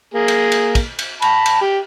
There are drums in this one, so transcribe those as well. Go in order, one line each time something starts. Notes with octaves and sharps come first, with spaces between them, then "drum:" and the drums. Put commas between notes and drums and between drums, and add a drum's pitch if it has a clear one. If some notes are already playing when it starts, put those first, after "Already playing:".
A#3 G#4
drum: cymbal
drum: cymbal
drum: kick, cymbal
drum: cymbal
A5 B5, drum: cymbal
drum: cymbal
G4